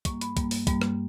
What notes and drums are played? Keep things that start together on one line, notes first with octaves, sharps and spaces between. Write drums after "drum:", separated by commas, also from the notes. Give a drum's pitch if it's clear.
G2 G3 A#3 C#6, drum: kick, hi-hat
B5, drum: hi-hat
G2 G3 A#3, drum: kick, hi-hat
drum: open hi-hat
G2 G3 A#3, drum: kick, hi-hat
drum: rim click